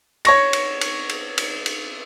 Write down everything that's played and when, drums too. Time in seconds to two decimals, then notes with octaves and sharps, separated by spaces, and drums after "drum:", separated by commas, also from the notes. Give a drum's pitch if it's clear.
0.25 C#5 C#6 A#6, drum: cymbal
0.53 drum: cymbal
0.81 drum: cymbal
1.09 drum: cymbal
1.38 drum: cymbal
1.66 drum: cymbal